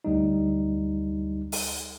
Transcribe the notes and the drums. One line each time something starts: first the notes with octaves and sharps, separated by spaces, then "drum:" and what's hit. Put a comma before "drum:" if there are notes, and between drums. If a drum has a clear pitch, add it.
D2 G3 D#4
drum: open hi-hat